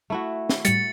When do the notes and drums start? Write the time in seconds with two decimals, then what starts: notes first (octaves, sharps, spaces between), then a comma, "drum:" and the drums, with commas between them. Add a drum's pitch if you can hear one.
0.10 A3 E4 F#4
0.49 drum: snare
0.65 A2 G3 A6 C#7, drum: hi-hat